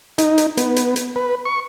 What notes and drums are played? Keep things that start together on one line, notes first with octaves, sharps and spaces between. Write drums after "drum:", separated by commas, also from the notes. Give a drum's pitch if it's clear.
D#4, drum: hi-hat
drum: hi-hat
B3, drum: hi-hat
drum: hi-hat
drum: hi-hat
B4
C#6